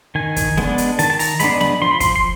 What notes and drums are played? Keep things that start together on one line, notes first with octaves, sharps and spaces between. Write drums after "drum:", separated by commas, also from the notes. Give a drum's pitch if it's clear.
D#3 G#5
drum: kick, hi-hat
G#3 B3 D4, drum: snare
drum: hi-hat
D#3 A5, drum: hi-hat
A5
A#5, drum: open hi-hat
G#3 B3 D4 B5, drum: hi-hat
B5, drum: snare
F3 C6
B5
C6, drum: kick, hi-hat
C6